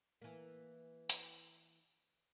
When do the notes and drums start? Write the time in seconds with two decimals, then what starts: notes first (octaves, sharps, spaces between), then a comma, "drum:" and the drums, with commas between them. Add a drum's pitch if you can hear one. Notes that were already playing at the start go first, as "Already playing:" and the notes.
0.22 E3 A#3
1.10 drum: hi-hat